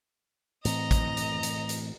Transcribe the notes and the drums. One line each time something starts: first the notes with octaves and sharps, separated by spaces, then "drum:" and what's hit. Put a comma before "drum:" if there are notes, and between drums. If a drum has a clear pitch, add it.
A2 E3 C4 D#5 A#5, drum: hi-hat
drum: kick, hi-hat
drum: hi-hat
drum: hi-hat
drum: hi-hat